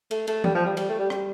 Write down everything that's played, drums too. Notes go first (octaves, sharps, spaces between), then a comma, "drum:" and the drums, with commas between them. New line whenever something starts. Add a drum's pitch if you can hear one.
A3, drum: cymbal
A3, drum: cymbal
G3, drum: tom E3
F3
G3
G3, drum: cymbal
A3
G3
G3, drum: rim click